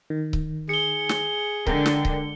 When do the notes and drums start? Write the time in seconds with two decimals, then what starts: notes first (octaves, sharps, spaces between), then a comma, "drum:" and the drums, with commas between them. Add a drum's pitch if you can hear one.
0.10 D#3
0.33 drum: kick C#1
0.69 G#4 C#7 G7
1.09 drum: snare
1.67 D3 G#3 A#4 G5, drum: kick C#1
1.86 drum: snare
2.05 drum: kick C#1